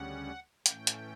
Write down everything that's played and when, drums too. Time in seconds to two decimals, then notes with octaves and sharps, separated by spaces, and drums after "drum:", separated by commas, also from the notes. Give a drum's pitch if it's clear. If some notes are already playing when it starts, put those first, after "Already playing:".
Already playing: D2 C#3 G3 C#4 F#5
0.66 A2 E3 A3 C#4 G5, drum: hi-hat
0.87 drum: hi-hat